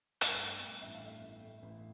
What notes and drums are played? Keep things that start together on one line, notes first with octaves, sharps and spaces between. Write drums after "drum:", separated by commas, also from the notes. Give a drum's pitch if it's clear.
G2 F5, drum: hi-hat
A3 F5
G2 G5
A1 E5
F5
A3 E5
A1
A3
A1